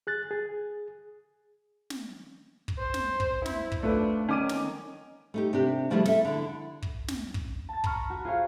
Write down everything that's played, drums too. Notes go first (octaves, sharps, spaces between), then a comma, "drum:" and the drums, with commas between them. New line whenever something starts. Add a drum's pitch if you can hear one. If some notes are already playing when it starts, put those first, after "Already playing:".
G#4 F#6 A6
G#4
drum: snare
drum: kick
C5
drum: snare
drum: kick
E4, drum: snare
drum: kick
A3 D4 F4 B4
D#3 C#4 D6 D#7
drum: snare
A3 D#4 G4
C3 D4 G4
C#3 F3 G3 A3 E4 G#4
A4 E5, drum: snare
D3 E4
drum: kick
drum: snare
drum: kick
A5 A6
A#5 B5 C#6 F6, drum: kick
F#4
F4 G#4 C5 C#5 F5